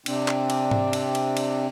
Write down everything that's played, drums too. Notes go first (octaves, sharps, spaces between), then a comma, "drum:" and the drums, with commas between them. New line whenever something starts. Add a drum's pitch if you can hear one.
C3 C4 D4, drum: cymbal
drum: clap
drum: cymbal
drum: tom G#2
drum: cymbal
drum: cymbal
drum: cymbal